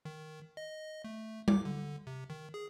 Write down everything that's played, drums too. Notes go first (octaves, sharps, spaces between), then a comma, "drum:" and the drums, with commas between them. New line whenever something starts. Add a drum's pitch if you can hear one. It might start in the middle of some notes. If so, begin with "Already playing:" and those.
D#3
D#5
A3
D6, drum: tom G3
D3
C3
D#3
G#4